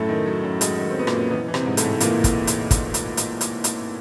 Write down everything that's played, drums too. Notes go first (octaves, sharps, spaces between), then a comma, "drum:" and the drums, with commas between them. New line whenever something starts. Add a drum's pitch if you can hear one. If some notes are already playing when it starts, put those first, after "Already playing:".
Already playing: F#2 A2 A3
D#3
F#3
F#2
F#2 G#3, drum: hi-hat
D#3
C4
F#3 B3
A#2 A#3, drum: rim click
F#2
B2 E3 B3
E3
C3 C4, drum: rim click
G#2
A2 A3, drum: hi-hat
G#2
A#2 E3 A#3, drum: hi-hat
drum: kick, hi-hat
drum: hi-hat
drum: kick, hi-hat
drum: hi-hat
drum: hi-hat
drum: hi-hat
drum: hi-hat